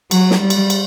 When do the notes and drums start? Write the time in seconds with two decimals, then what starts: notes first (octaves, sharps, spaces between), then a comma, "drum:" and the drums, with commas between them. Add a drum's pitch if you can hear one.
0.11 F#3, drum: cymbal
0.31 drum: snare
0.41 G3
0.50 drum: cymbal
0.70 drum: cymbal